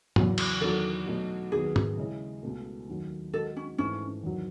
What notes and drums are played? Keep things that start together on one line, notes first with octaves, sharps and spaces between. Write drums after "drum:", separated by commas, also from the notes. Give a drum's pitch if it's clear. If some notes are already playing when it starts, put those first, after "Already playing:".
E2 C#3 F#3, drum: tom G#2
drum: cymbal
E2 D#3 F#3 A4
B2 F#3 A3 D#4 F#4
D#2 D#3 F#3 B3 G#4
drum: tom G#2
C#3 G#3 C#4 E4
C#2 B2 A3
D#2 D#3 F#3 A3
D#3 G#3 D#4 F#4 A4
C#4
G#2 E3 A3 C#4 E4
E2 D#3 F#3